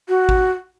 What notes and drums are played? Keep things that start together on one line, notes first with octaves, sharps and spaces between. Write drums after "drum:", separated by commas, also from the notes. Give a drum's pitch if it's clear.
F#4
drum: kick